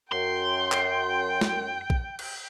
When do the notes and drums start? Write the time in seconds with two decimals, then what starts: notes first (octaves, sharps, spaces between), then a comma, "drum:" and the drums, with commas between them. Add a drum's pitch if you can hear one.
0.12 F#2 G5 C6
0.72 drum: clap
1.41 drum: snare
1.90 drum: kick A#1
2.19 drum: cymbal